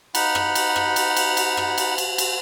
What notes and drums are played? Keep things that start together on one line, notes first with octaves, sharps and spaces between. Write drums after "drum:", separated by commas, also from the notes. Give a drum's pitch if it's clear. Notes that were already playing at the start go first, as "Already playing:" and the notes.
D#4 F#5 B5, drum: cymbal
drum: rim click
drum: cymbal
drum: rim click
drum: cymbal
drum: cymbal
drum: cymbal
drum: rim click
drum: cymbal
drum: cymbal
drum: cymbal